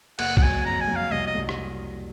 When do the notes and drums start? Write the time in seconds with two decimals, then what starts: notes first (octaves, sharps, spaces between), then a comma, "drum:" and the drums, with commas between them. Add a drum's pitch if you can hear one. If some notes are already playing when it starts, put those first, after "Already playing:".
0.19 F#1 F#5, drum: cymbal
0.37 F#5, drum: kick
0.42 F#3 G#5
0.65 F2 A#5
0.81 G#5
0.88 F#3
0.96 F5
1.11 C2 D#5
1.27 D#5
1.35 C2
1.49 drum: rim click